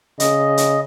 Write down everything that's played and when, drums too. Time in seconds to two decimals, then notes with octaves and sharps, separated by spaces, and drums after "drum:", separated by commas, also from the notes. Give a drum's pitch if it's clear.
0.20 C#3 D#5, drum: hi-hat
0.57 drum: hi-hat